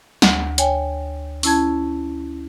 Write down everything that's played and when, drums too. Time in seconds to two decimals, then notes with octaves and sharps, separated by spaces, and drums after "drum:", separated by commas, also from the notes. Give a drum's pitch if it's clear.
0.22 D2, drum: snare
0.58 C#5 G5 G#5, drum: hi-hat
1.43 C#4 E4 A5 G#6, drum: open hi-hat